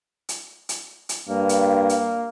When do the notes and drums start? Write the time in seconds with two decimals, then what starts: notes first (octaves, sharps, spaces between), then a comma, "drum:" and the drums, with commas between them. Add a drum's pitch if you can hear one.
0.29 drum: hi-hat
0.69 drum: hi-hat
1.09 drum: hi-hat
1.29 G2 A#3
1.49 drum: hi-hat
1.89 drum: hi-hat